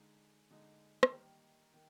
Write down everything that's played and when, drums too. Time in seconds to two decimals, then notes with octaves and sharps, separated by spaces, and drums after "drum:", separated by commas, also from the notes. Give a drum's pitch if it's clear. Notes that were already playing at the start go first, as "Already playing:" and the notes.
Already playing: D3 G#3 D#4
0.50 D3 G#3 D#4
1.03 drum: rim click
1.12 D#3 G3 A#3
1.74 D#3